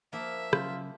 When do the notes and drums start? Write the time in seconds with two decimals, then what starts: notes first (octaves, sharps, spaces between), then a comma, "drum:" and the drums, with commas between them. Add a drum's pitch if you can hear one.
0.13 F3 A#3 E5
0.53 C#3 F#3 C#4 F4, drum: rim click